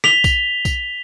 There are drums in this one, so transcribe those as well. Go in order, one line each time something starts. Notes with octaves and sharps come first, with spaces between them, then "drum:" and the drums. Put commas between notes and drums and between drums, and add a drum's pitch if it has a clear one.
B6 F7 G7, drum: rim click
drum: kick B1, tambourine
drum: kick B1, tambourine